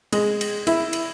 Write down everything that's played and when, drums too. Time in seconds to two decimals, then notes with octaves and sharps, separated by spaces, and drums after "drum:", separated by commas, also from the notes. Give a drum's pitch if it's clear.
0.12 G#3, drum: cymbal
0.41 drum: cymbal
0.67 E4, drum: cymbal
0.93 drum: cymbal